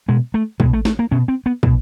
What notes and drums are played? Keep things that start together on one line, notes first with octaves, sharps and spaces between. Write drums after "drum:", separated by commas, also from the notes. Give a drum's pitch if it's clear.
B2 G#3
A3
B2 G#3, drum: kick
A3
A3, drum: snare
A#3
B2 C#4
C4
B3
B2, drum: kick